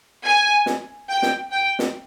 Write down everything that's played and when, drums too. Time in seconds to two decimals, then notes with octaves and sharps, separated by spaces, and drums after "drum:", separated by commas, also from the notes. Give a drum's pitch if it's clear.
0.24 G#5
0.66 drum: snare
1.09 G5
1.22 drum: snare
1.51 G5
1.79 drum: snare